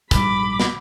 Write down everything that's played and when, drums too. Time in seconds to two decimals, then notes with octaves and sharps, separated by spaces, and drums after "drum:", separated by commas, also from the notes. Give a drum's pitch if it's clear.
0.11 A#1 G#2 G3 B5 D6, drum: kick, hi-hat
0.60 drum: snare